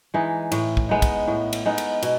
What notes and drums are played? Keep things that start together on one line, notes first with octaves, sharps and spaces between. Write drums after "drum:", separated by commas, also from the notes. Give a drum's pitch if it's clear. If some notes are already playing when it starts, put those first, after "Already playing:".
E3 G#3 D#4
A2, drum: cymbal
drum: kick
G#3 B3 D#4
drum: kick, cymbal
A2
drum: cymbal
G#3 B3 D#4
drum: cymbal
B2, drum: cymbal